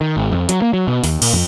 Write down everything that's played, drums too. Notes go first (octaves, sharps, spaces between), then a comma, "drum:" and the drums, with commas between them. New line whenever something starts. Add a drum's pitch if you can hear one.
D#3
G#1
F2
F#3, drum: hi-hat
A#3
F#3
B2
D#2, drum: open hi-hat
A#2, drum: cymbal
F2